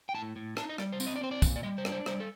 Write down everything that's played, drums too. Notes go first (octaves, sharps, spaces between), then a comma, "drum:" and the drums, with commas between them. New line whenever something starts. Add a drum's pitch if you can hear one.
G5
A2 A5
A2
D#4 A5, drum: rim click
D#5
G3 D5, drum: rim click
C5
C4, drum: tambourine
D#5
D5
C4 C5
D5
A#2, drum: kick, tambourine
D5
G3 D#5
C5
D4, drum: rim click
C5
G3 C5, drum: rim click
A4